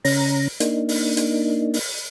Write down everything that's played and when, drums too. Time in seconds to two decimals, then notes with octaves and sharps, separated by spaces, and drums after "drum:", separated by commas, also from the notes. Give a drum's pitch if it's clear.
0.05 C#3 C#4 A#5, drum: open hi-hat
0.60 A#3 D4 D#4, drum: hi-hat
0.89 drum: open hi-hat
1.17 drum: hi-hat
1.74 drum: open hi-hat